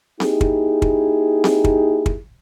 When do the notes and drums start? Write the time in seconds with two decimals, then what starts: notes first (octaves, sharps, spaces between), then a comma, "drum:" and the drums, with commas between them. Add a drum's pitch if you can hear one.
0.20 A#3 D#4 E4 G4 G#4, drum: snare C4
0.41 drum: kick
0.82 drum: kick
1.44 drum: snare C4
1.64 drum: kick
2.06 drum: kick